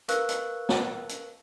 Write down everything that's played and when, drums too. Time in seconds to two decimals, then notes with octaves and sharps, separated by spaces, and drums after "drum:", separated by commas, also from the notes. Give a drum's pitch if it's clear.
0.08 A#4 B4 F5 C#6 E6 F#6, drum: hi-hat
0.29 drum: hi-hat
0.69 drum: snare
1.09 drum: hi-hat